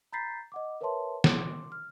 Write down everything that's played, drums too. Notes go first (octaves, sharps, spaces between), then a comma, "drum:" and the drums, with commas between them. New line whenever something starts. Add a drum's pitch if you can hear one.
A#5 B5 G6 A6 B6 C7
D#5 F#5 D6
A#4 B4 C#5 E5 A5 C6
C6 D6, drum: snare
F6